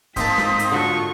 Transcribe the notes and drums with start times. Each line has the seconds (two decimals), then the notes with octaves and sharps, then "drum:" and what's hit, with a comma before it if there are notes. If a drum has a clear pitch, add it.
0.16 G#2 A#3 C4 D#4 A5 B6, drum: kick C#1, hi-hat
0.38 drum: snare
0.59 drum: hi-hat
0.72 D3 F4 F#4 A4 C#6